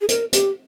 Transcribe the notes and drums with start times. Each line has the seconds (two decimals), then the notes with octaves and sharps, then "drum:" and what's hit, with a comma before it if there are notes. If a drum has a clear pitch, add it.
0.01 G#4
0.09 A#4, drum: hi-hat
0.33 G4, drum: hi-hat